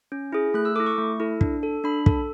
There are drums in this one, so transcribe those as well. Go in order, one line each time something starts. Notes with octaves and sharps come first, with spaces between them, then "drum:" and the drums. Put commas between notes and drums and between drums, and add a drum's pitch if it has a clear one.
C#4
E4 G#4
A3 F#6
E6
E4 A4 D6
C#6
A3
E4 A4
D4, drum: kick
A4
D4 B5
A4, drum: kick